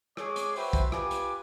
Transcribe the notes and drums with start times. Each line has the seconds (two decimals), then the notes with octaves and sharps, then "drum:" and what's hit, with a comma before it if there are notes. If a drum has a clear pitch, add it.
0.17 G#3 G#4 C#5 D6, drum: rim click
0.36 drum: hi-hat
0.56 F#4 B4 C5 E5 G5, drum: open hi-hat
0.73 drum: kick, hi-hat
0.92 F4 G4 B4 G#5 D6, drum: rim click
1.11 drum: hi-hat